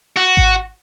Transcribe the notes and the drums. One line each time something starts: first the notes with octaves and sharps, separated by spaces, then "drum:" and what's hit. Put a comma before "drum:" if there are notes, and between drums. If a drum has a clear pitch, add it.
F#4
drum: kick G#1